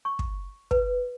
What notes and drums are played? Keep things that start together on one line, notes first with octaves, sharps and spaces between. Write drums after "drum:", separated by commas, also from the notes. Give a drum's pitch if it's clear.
C#6
drum: kick
B4, drum: kick